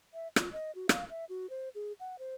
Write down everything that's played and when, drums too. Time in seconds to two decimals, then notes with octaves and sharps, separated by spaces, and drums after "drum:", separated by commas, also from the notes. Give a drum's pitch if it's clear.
0.14 E5
0.36 F4, drum: rim click
0.53 D#5
0.75 F#4
0.89 F5, drum: rim click
1.10 E5
1.29 F#4
1.50 C5
1.75 G#4
2.00 F#5
2.19 C5